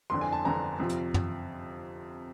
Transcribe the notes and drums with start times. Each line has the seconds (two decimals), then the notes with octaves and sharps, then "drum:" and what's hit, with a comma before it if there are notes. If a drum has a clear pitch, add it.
0.10 G1 F2 D3 C6
0.21 G#5
0.32 A5
0.44 G1 F2 D3 A#5
0.80 F2 C3 F3
0.89 drum: hi-hat
1.14 drum: tom